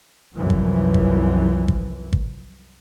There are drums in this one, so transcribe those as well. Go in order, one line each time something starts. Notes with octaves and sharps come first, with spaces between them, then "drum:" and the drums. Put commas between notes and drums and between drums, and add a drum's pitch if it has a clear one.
C2 F#2 E3 F3
drum: kick
drum: kick
drum: kick
drum: kick